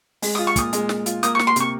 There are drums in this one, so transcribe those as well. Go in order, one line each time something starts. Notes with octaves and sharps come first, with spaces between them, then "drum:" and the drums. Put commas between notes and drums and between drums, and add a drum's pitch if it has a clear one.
G#3, drum: open hi-hat
F4 D#6
C#6
A#2 D#6, drum: kick, hi-hat
G#3, drum: hi-hat
G#3, drum: snare
F4, drum: hi-hat
A#3 D#6, drum: hi-hat
C#6
A#3, drum: snare
C6
C3 C#6, drum: hi-hat